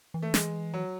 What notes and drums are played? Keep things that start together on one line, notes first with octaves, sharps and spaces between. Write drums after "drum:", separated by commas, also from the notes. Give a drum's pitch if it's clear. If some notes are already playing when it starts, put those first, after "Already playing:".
E3
A3
G#3, drum: snare
F#3